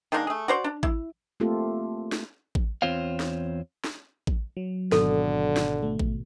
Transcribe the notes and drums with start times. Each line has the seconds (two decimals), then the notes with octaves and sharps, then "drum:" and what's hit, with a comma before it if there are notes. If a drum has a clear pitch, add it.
0.12 D#3 G#3 A#3 D4
0.27 A3 G#4
0.48 F#4 C5 D5
0.64 D4
0.83 E4, drum: kick A1
1.40 A3 A#3 C4 F4 G4 A4
2.12 drum: snare
2.55 drum: kick A1
2.82 E2 C4 F4 C5 C#5 F5
3.20 drum: snare
3.84 drum: snare
4.27 drum: kick A1
4.57 F#3
4.92 G#1 B2 D3 A4, drum: snare
5.56 drum: snare
5.83 A3
5.99 drum: kick A1